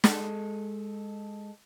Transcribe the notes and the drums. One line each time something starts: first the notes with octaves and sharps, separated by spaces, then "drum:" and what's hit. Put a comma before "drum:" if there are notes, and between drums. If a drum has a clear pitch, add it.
G#3 A4, drum: snare